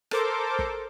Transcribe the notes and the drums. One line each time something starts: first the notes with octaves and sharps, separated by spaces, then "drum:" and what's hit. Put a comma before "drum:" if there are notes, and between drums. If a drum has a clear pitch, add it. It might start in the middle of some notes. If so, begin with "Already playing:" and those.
A4 A#4 C5 D6, drum: rim click
drum: kick